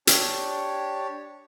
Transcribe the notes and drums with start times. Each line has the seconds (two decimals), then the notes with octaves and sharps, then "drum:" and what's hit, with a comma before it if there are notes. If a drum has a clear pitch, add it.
0.07 D4 G4 C#5, drum: hi-hat